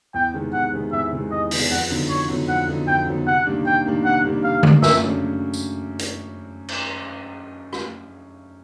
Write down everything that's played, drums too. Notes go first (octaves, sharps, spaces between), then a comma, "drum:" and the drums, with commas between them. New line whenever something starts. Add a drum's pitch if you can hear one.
E2 G5
C3 D#3 G#3 B3
E2 F#5
C3 D#3 G#3 B3
E2 E5
C3 D#3 G#3 B3
E2 D#5
C3 D#3 G#3 B3, drum: open hi-hat
F2 F#5
D3 F#3 B3 D#4
F2 C#5
D3 F#3 B3 D#4
F2 F#5
D3 F#3 B3 D#4
F2 G5
D3 F#3 B3 D#4
C3 F#5
D#3 G3 A#3 D4
C3 G5
D#3 G3 A#3 D4
C3 F#5
D#3 G3 A#3 D4
C3 F5
D#3 G3 A#3 D4, drum: tom
F#2 E5, drum: snare
C#3 F#3 A3 D4
drum: tambourine
drum: hi-hat
drum: cymbal
drum: rim click